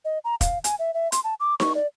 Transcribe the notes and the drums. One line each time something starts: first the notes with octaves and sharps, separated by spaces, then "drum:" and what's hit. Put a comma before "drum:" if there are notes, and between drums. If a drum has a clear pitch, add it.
D#5
A#5
F5, drum: kick, hi-hat
G#5, drum: hi-hat
E5
E5
C6, drum: hi-hat
A5
D6
C#6, drum: snare D#4
D5